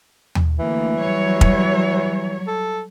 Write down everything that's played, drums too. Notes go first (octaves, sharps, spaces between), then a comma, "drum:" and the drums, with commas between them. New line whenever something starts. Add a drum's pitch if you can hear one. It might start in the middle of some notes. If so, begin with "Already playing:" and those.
drum: tom
D2 E3 A#3
F#3 G3 C#5
drum: kick
A4